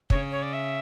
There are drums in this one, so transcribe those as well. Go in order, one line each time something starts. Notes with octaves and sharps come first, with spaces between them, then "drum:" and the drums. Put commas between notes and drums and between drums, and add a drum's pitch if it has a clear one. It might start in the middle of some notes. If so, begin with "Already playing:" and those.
C#3 C#5, drum: kick
C#5
D5
E5